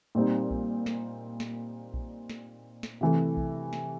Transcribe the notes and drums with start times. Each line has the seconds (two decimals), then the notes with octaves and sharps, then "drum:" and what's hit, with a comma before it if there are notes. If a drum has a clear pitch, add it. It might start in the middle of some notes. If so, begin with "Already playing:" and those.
0.15 A#2 G3 C4 D#4
0.50 drum: kick A#1
0.86 drum: snare
1.40 drum: snare
1.94 drum: kick A#1
2.30 drum: snare
2.83 drum: snare
3.01 C3 E3 A3
3.37 drum: kick A#1
3.73 drum: snare